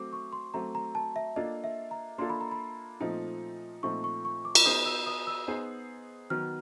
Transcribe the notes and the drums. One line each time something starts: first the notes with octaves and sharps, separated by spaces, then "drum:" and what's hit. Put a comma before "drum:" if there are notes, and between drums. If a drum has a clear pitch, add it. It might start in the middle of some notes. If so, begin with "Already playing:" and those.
Already playing: F#3 A3 C4 D6
C#6
C6
F#3 A3 C4 A#5
A#5
A5
E5
A#3 D4 F4 A4 D#5
E5
A#5
A#3 D4 F4 A4 C6
B5
A#5
B5
A#2 F3 A3 C4 D#4
A#2 F3 A3 C4 D#4 C#6
C#6
C#6
D6
drum: cymbal
B3 D#4 G#4 C5 D#6
E6
D#6
E6
B3 D#4 G#4 C5
D#3 F#3 B3 F6